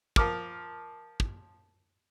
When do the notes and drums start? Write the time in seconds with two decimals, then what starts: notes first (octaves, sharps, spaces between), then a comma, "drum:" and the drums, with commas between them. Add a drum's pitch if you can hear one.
0.16 F3 A#4 D6 F6, drum: kick
1.20 drum: kick